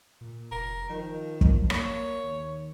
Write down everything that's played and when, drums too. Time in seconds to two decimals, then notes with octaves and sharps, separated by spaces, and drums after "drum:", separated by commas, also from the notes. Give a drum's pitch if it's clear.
0.21 A#2
0.52 F1 A#4
0.89 D#3 F3
1.41 drum: kick
1.70 A#3 C#5, drum: rim click
2.24 D#2